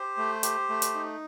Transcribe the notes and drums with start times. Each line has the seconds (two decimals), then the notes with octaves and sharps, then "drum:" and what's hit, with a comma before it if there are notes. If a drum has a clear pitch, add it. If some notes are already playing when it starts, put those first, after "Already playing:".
Already playing: G4 C5
0.17 A3
0.43 G4, drum: hi-hat
0.69 A3
0.82 drum: hi-hat
0.95 D#4